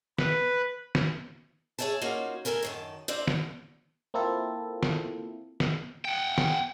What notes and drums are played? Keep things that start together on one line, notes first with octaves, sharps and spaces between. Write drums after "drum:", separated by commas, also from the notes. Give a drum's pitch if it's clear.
B4, drum: snare
drum: snare
G#4 C#5 E5 G#5 A5
A#3 C#4 D#4 F4 F#4
D2 A#2 A4 A#4 G#5
F#2 D#3 A5
C4 D4 F4 C5 D5 E5
drum: snare
A#3 C4 E4 F4 A4
drum: snare
drum: snare
F#5 G5
drum: snare